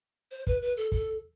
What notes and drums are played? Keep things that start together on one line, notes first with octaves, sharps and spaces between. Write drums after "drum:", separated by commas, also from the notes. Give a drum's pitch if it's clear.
C5
B4, drum: kick
B4
A4
A4, drum: kick